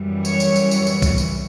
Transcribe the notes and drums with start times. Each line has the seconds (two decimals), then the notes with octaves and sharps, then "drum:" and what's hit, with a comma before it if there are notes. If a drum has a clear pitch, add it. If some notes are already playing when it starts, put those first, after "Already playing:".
Already playing: F#2 E3 G3
0.25 C#5, drum: tambourine
0.40 drum: tambourine
0.56 drum: tambourine
0.71 C#5, drum: tambourine
0.87 drum: tambourine
1.02 drum: kick, tambourine
1.18 drum: tambourine